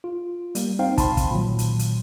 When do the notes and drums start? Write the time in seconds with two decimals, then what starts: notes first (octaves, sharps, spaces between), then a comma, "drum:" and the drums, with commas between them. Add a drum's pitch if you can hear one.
0.04 F4
0.55 G3 A#3, drum: hi-hat
0.79 C4 D#4 C5 F5 G5
0.98 A5 B5 C6, drum: kick, hi-hat
1.17 drum: kick, hi-hat
1.31 A#2 D#3 F#3
1.59 drum: hi-hat
1.79 drum: hi-hat